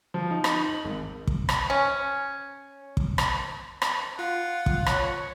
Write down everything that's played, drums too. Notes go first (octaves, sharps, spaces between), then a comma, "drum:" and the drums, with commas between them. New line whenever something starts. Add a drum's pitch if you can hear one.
F3
D#4
D#4, drum: rim click
F#7
G#1
drum: kick
drum: rim click
C#4
drum: kick
drum: rim click
drum: rim click
F4 F#5
drum: kick
C#5, drum: rim click